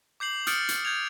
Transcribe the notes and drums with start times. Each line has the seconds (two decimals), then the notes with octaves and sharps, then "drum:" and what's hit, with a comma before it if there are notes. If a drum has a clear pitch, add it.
0.20 D6 G6 C7 F#7
0.47 D#6 F6 G6 A6 C#7 D7, drum: hi-hat
0.59 A6
0.69 drum: hi-hat
0.85 G6 G#6 F7